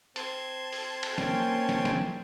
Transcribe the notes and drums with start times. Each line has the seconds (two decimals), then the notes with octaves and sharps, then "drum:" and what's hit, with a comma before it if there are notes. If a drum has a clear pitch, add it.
0.16 C4 C5 A5 C6 G#6, drum: hi-hat
0.73 drum: open hi-hat
1.03 drum: cymbal
1.18 A#3 C#4 G5, drum: snare
1.69 drum: snare
1.85 drum: snare